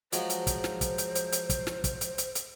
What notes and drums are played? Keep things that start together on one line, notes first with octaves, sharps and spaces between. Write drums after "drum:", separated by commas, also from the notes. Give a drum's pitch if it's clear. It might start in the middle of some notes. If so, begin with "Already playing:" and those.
F3 F#3 G#3 C5, drum: hi-hat
drum: hi-hat
drum: kick, hi-hat
drum: snare
drum: kick, hi-hat
drum: hi-hat
drum: hi-hat
drum: hi-hat
drum: kick, hi-hat
drum: snare
drum: kick, hi-hat
drum: hi-hat
drum: hi-hat
drum: hi-hat